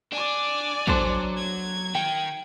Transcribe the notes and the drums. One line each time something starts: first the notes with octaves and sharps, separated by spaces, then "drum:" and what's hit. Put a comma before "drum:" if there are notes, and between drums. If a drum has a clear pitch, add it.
D4 D5 G#5
F#3 D4 A4 C5, drum: kick
G#6
D#3 G5